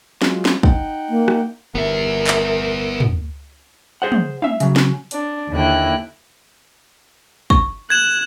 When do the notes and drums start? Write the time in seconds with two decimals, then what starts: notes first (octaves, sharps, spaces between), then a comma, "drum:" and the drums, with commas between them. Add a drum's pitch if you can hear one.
0.22 F#3 G#3 F4, drum: snare
0.45 drum: snare
0.63 D#4 F#5 G5, drum: kick
1.09 A#3
1.28 drum: rim click
1.75 G1 B3 A#4 E5
2.27 drum: clap
3.00 drum: tom
4.02 G#4 C5 F#5
4.12 drum: tom
4.42 E5 F5, drum: tom
4.60 C#3 F#3, drum: hi-hat
4.76 drum: snare
5.11 D4, drum: hi-hat
5.51 D#2 D3 A#3 E4 G5 F#6
7.50 C#6, drum: kick
7.90 F#6 G#6 E7